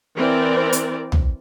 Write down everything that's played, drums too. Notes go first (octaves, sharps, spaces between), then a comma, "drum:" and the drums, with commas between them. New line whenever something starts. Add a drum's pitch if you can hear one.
E3 C4 A#4 D5
drum: hi-hat
drum: tom B1